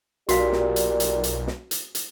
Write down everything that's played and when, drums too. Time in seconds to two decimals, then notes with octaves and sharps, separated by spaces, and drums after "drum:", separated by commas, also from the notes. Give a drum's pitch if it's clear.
0.29 B1 A#2 F#4 G4 D5 F5, drum: hi-hat
0.52 drum: snare
0.76 drum: hi-hat
1.00 drum: hi-hat
1.24 drum: hi-hat
1.47 drum: snare
1.71 drum: hi-hat
1.95 drum: hi-hat